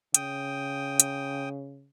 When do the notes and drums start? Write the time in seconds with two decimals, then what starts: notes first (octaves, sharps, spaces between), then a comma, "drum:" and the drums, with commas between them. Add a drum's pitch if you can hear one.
0.14 C#3 G5 D#6, drum: hi-hat
1.00 drum: hi-hat